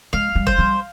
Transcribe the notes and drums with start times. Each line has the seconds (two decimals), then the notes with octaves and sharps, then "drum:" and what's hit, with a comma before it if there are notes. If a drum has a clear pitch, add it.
0.13 G#3 F5
0.35 G3
0.47 C5, drum: kick
0.58 G3